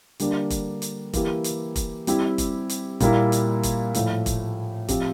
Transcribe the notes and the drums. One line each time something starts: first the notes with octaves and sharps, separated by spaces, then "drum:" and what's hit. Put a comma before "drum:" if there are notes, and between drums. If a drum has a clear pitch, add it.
D3 G3 A#3 D4, drum: hi-hat
drum: kick F1, hi-hat
drum: hi-hat
E3 A#3 E4 G4, drum: kick F1, hi-hat
drum: hi-hat
drum: kick F1, hi-hat
G3 C4 E4 G4, drum: hi-hat
drum: kick F1, hi-hat
drum: hi-hat
A#2 G3 A#3 E4, drum: kick F1, hi-hat
drum: hi-hat
drum: kick F1, hi-hat
A2 F3 A3, drum: hi-hat
drum: kick F1, hi-hat
F3 C4 G4, drum: kick F1, hi-hat